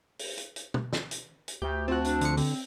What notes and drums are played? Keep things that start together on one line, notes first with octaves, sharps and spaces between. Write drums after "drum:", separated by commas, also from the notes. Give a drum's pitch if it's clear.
drum: open hi-hat
drum: hi-hat
drum: hi-hat
drum: tom
drum: snare
drum: hi-hat
drum: hi-hat
D2 G4 G6
C4 F4 F#4 A5 F#6
D4, drum: hi-hat
D3 F3 C#7, drum: hi-hat
D3 C4, drum: open hi-hat